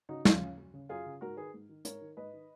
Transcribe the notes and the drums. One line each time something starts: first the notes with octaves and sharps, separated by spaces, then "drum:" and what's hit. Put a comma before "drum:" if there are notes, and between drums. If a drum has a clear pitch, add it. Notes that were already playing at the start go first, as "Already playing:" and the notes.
C#3 D#4 F#4
F#2 C#4 F4, drum: snare
C#3
F#2
C#3
F#2 F4 G#4
C#3
G#2 F#4 A#4
D#3 G#4 B4
G#2
D#3
G#2 A#4 C#5, drum: hi-hat
D#3
G#2 B4 D#5
D#3